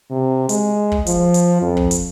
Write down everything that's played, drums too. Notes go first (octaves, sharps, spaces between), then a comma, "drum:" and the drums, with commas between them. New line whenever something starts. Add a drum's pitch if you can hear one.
C3
G#3, drum: hi-hat
drum: kick
F3, drum: hi-hat
drum: hi-hat
F2
drum: kick
drum: hi-hat